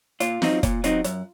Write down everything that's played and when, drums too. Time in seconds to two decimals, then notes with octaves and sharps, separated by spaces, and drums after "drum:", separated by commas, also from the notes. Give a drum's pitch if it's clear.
0.20 A#2 F4, drum: hi-hat
0.42 F#3 C4 D#4, drum: snare
0.63 A#2, drum: kick, hi-hat
0.84 F#3 C4 D#4, drum: hi-hat
1.04 F#2, drum: hi-hat